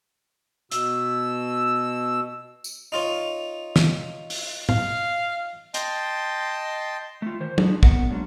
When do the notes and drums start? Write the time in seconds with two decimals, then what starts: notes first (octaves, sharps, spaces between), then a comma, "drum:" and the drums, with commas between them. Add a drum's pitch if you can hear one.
0.72 B2 E6, drum: hi-hat
2.64 drum: tambourine
2.92 D#4 F4 C#5
3.76 drum: snare
4.30 drum: open hi-hat
4.69 F5, drum: tom A2
5.74 D#5 G5 A5 C6, drum: hi-hat
7.22 A3 F4
7.40 D#3 C5
7.58 F3 G#3 C#4 D4, drum: tom
7.83 F#3 A#3 B3 A#4 D#5 F#5, drum: kick
8.10 G2 F#3 G#3 C#4 D4